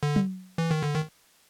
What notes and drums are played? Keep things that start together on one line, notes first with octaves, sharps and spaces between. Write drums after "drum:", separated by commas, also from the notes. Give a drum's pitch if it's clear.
D3
drum: tom F#3
E3
D#3
D3
D#3